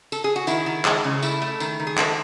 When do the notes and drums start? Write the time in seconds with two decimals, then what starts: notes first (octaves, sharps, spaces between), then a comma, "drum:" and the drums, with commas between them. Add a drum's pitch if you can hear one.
0.12 A4, drum: tambourine
0.24 G#4
0.36 F#4
0.47 D#3 E4, drum: tambourine
0.66 D#3
0.85 G#3, drum: clap
1.04 C#3
1.22 A3 E4, drum: tambourine
1.42 A3
1.60 D#3, drum: tambourine
1.80 D#3
1.87 G#4
1.98 G#3 A4, drum: clap